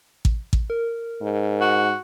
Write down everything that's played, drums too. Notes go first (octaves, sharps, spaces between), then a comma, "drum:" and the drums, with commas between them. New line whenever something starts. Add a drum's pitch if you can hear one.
drum: kick A1
drum: kick A1
A#4
G#2
F#4